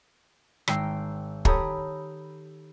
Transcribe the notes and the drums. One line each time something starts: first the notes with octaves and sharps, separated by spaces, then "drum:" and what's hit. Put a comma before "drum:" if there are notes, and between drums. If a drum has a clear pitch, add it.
G#1 A#4 G5 E6 C7, drum: rim click
G4 A4 C#5 A#5 B5 D#6, drum: kick